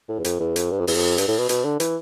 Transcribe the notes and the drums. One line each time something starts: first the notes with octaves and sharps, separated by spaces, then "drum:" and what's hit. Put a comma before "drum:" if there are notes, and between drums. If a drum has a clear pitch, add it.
A2
E2
F2, drum: hi-hat
E2
F2, drum: hi-hat
G2
F2
E2, drum: open hi-hat
F2
G2, drum: hi-hat
A2
B2
B2, drum: hi-hat
D3
E3, drum: hi-hat